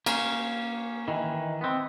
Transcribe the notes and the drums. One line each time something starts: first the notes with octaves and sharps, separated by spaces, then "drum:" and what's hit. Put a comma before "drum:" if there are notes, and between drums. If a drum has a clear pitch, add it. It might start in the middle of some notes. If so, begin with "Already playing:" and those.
A#3 C#4, drum: cymbal
D#3 E3
B3 C4